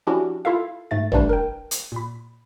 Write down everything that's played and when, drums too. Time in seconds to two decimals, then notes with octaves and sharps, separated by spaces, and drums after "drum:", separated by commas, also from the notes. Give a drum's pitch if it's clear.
0.07 F3 C#4 D4 E4 F#4 G4
0.45 E4 F4 A4 E5 F5
0.91 G#2 A3 A6
1.12 E3 G3 A3 D4 B4, drum: tom
1.29 A#4 G5
1.71 drum: hi-hat
1.92 A#2 B5